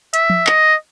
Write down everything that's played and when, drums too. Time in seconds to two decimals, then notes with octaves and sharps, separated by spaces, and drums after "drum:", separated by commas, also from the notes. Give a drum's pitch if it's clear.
0.14 E5, drum: hi-hat
0.30 drum: tom F3
0.47 D#5, drum: clap